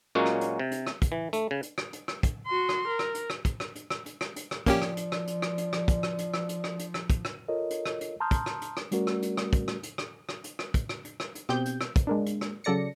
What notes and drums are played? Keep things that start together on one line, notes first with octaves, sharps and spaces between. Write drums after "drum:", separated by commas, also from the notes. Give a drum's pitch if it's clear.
A#2 F#3 G#3 A#3 C#4 F#4
drum: rim click
drum: hi-hat
C3
drum: hi-hat
drum: rim click
drum: kick, hi-hat
E3
A3, drum: hi-hat
C#3
drum: hi-hat
drum: rim click
drum: hi-hat
drum: rim click
drum: kick, hi-hat
F#4 C6
drum: rim click
A#4
drum: rim click
drum: hi-hat
drum: rim click
drum: kick, hi-hat
drum: rim click
drum: hi-hat
drum: rim click
drum: hi-hat
drum: rim click
drum: hi-hat
drum: rim click
F3 A#3 C#4 G4 D5, drum: kick, hi-hat
drum: rim click
drum: hi-hat
drum: rim click
drum: hi-hat
drum: rim click
drum: hi-hat
drum: rim click
drum: kick, hi-hat
drum: rim click
drum: hi-hat
drum: rim click
drum: hi-hat
drum: rim click
drum: hi-hat
drum: rim click
drum: kick, hi-hat
drum: rim click
F4 A4 A#4 C#5 D#5
drum: hi-hat
drum: rim click
drum: hi-hat
A5 A#5 C6 D#6 F6 G6
drum: kick, hi-hat
drum: rim click
drum: hi-hat
drum: rim click
G3 A3 C#4 F#4 A#4 D5, drum: hi-hat
drum: rim click
drum: hi-hat
drum: rim click
drum: kick, hi-hat
drum: rim click
drum: hi-hat
drum: rim click
drum: rim click
drum: hi-hat
drum: rim click
drum: kick, hi-hat
drum: rim click
drum: hi-hat
drum: rim click
drum: hi-hat
B2 C4 G4 G6, drum: rim click
drum: hi-hat
drum: rim click
drum: kick, hi-hat
G#3 A#3 D4
drum: hi-hat
drum: rim click
C#3 F#3 A4 D5 A#6 C#7